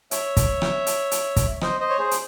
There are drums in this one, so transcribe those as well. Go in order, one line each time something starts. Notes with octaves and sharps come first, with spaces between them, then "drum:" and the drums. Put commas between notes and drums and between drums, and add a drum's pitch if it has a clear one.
C#5 E5, drum: hi-hat
drum: kick, hi-hat
drum: rim click
drum: hi-hat
drum: hi-hat
drum: kick, hi-hat
C5 D#5, drum: rim click
C5 D#5
C#5
G#4 C5
drum: hi-hat